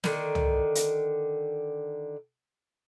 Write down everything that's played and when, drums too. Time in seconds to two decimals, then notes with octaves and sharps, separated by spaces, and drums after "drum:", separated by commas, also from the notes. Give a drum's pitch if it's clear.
0.04 D3 D#3, drum: snare
0.35 drum: tom
0.75 drum: hi-hat